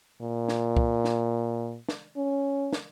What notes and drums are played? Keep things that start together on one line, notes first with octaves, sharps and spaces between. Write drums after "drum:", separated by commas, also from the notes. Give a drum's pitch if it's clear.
A#2
drum: snare
drum: kick
drum: snare
drum: snare
C#4
drum: snare